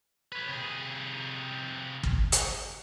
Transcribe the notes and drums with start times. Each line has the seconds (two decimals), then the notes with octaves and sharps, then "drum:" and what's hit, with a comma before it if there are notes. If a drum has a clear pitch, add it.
0.32 B4 C#5
0.49 C3 G#4
2.03 drum: kick
2.32 drum: hi-hat